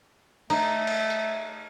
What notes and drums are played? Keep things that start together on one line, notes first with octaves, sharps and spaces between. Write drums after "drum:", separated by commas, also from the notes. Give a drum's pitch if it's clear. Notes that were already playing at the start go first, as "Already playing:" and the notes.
A3 D#4, drum: cymbal
drum: cymbal
drum: hi-hat